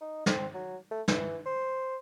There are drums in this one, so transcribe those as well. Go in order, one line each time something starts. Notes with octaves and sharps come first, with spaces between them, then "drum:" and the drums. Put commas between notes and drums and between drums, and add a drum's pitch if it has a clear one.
D#4
C4, drum: snare
F#3
A3
E3, drum: snare
C5